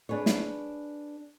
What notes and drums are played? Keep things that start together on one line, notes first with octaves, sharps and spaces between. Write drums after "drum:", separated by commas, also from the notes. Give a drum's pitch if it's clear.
D4 G#4 B4 C#5
drum: snare